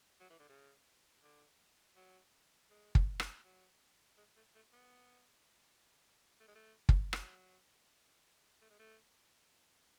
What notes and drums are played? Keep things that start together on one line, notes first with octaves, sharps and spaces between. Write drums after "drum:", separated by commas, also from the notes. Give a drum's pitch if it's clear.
F#3
E3
D3
C#3
D3
F#3
G#3
drum: kick
drum: rim click
F#3
G#3
A3
A3
B3
A3
G#3
A3
drum: kick
F#3, drum: rim click
A3
G#3
A3